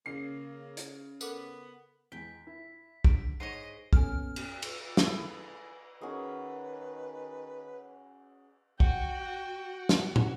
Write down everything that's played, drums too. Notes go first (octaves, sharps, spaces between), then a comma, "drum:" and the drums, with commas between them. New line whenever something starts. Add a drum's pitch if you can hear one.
C#3 A#3 C7
drum: hi-hat
B3 A4 A#4 D6, drum: tambourine
E2 G#3 G5 G#5 B6
E4
D3 D7, drum: kick
G#2 C#5 D#5 F#5 C7
F#2 A#2 B3 C#4 A4 G#5 F6, drum: kick
drum: cymbal
drum: cymbal
E4 G#4 A4, drum: snare
D#3 C#4 F#4 G#4 B4
F#4 G5, drum: kick
drum: snare
drum: tom